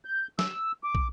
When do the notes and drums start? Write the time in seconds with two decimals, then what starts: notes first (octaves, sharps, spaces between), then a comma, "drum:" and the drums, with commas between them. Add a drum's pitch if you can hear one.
0.05 G6
0.39 E6, drum: snare
0.84 D6
0.95 drum: kick